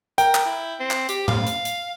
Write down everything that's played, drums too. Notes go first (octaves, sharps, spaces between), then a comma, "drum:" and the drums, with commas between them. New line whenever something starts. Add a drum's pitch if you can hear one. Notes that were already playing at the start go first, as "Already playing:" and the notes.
A#4 G5, drum: hi-hat
drum: clap
E4
C4
drum: clap
G4, drum: hi-hat
F5, drum: tom A2
drum: hi-hat
drum: hi-hat